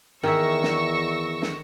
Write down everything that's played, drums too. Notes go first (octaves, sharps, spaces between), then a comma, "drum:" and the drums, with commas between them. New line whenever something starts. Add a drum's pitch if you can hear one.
E2 D#3 G#4 E5 C#6 E6 A#6
drum: snare
drum: snare